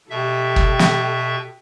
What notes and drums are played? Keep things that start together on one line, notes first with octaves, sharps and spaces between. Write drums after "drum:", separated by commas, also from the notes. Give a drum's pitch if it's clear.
B2 G4 A4 E5
drum: kick
drum: snare